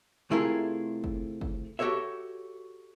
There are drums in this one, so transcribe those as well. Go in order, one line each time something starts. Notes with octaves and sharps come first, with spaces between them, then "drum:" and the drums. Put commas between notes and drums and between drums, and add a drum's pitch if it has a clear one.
C3 A3 E4 F4 G#4 A#4
drum: kick
drum: kick
F#4 G4 A4 C#5 E5